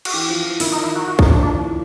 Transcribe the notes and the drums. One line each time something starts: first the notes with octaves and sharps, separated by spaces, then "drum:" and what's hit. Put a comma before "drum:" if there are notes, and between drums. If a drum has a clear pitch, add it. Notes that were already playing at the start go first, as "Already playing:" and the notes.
F#4, drum: cymbal
E3 G4
F3
E3
D#3 E4, drum: open hi-hat
D#4
E4
F#4
F#4
D#4, drum: kick
D4
F3 D4
E3